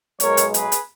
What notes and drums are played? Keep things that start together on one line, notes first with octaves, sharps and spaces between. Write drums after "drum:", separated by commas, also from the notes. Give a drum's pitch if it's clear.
B1 B2 G#3 A#4 C#5, drum: hi-hat
drum: hi-hat
G#4 B4, drum: hi-hat
drum: hi-hat